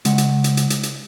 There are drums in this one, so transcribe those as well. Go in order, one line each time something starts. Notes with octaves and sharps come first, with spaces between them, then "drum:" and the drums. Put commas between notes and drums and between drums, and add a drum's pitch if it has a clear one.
C#3 G#3 F#5, drum: hi-hat
drum: hi-hat
drum: hi-hat
drum: hi-hat
drum: hi-hat
drum: hi-hat